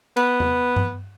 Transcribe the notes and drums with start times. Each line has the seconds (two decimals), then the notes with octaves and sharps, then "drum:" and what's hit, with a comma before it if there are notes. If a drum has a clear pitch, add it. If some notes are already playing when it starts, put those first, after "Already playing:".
0.17 B3, drum: cymbal
0.40 drum: tom E2
0.76 drum: tom G2